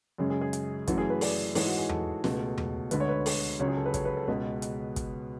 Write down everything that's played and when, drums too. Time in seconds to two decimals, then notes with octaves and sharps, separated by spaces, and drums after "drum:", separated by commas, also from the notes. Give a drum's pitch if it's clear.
0.18 F#2 C#3 G#3 G#4
0.30 G#4
0.42 G#4
0.53 drum: hi-hat
0.87 F#2 E3 A3 F#4, drum: kick, hi-hat
0.98 G#4
1.10 B4
1.21 D5, drum: open hi-hat
1.55 G#2 E3 G#3 C#5, drum: open hi-hat
1.67 F#4
1.78 G#4
1.89 A4, drum: tom E2
2.24 C#2 B2 A3, drum: snare
2.58 drum: tom E2
2.91 D2 D3 G#3 B4, drum: hi-hat
3.00 C#5
3.09 B4
3.26 drum: open hi-hat
3.60 C#2 C#3 F#3 C#5
3.68 G#4
3.77 A4
3.86 B4
3.94 C#5, drum: kick, hi-hat
4.05 B4
4.17 A4
4.27 C#2 B2 G#3 B4
4.62 drum: hi-hat
4.96 drum: kick, hi-hat